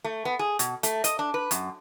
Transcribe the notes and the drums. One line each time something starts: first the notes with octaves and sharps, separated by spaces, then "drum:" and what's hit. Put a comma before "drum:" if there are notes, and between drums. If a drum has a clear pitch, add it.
A3
B3
G#4
B2, drum: hi-hat
A3, drum: hi-hat
D#5, drum: hi-hat
D4
B4
F#2, drum: hi-hat